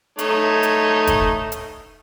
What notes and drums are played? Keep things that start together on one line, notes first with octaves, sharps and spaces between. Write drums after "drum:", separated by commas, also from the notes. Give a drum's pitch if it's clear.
A3 D#4 C#5, drum: hi-hat
drum: hi-hat
drum: kick, hi-hat
drum: hi-hat